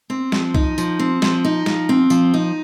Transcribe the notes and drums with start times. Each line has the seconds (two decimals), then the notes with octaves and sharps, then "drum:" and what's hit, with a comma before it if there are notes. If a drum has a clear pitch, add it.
0.10 C4
0.32 F3, drum: snare
0.54 D#4, drum: kick B1
0.78 F3, drum: tambourine
0.99 C4
1.22 F3, drum: snare
1.45 D#4
1.66 F3, drum: snare
1.89 C4
2.10 F3, drum: tambourine
2.34 D#4